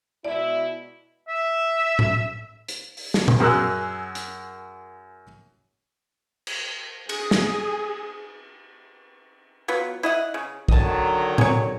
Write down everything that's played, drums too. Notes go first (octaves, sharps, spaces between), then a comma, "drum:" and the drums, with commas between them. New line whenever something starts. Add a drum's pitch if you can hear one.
B2 G#3 E4 D5
E5
drum: tom A2
drum: hi-hat
drum: open hi-hat
drum: snare
drum: tom
F#2 G#4 A#4 E6 F#6
drum: hi-hat
drum: cymbal
G#4, drum: cymbal
drum: snare
F#3 B3 F4
E4 D#5 F#5
C#3
D3 D#3 F#3 D#5 A5, drum: kick
G#4 C#5, drum: tom A2